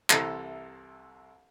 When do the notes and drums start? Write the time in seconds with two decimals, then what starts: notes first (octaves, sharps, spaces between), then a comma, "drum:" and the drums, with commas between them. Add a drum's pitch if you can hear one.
0.10 C2 C3 E3 A4 A#5 E6, drum: clap